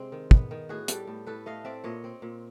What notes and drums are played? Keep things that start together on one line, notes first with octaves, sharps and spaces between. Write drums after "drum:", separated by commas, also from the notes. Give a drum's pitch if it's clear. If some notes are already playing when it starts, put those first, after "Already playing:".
Already playing: C3 G#3 C4 D4
D#3
B3, drum: kick
D#3
A2 F#4 G#4
G3 G4 A4, drum: hi-hat
A2
A2 A4 B4
A3 D#5 F5
C4 D5 E5
A#2 C#5 D#5
C4
A#2